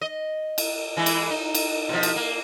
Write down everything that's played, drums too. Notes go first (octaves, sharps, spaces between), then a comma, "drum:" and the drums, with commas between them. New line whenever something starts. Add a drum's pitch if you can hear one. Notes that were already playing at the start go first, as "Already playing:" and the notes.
D#5
drum: cymbal
E3 G#3 E4
drum: cymbal
D#4
drum: cymbal
B2 F3
drum: cymbal
A#3